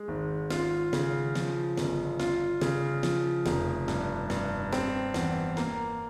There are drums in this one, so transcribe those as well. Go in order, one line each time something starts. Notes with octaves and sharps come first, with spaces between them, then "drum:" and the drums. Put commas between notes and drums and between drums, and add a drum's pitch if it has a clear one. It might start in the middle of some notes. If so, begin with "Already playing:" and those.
Already playing: G#3
G#1
F4, drum: snare
C#3, drum: snare
F3, drum: snare
G1, drum: snare
F4, drum: snare
C#3, drum: snare
F3, drum: snare
F1, drum: snare
G2, drum: snare
G2, drum: snare
C4, drum: snare
E2, drum: snare
A#3, drum: snare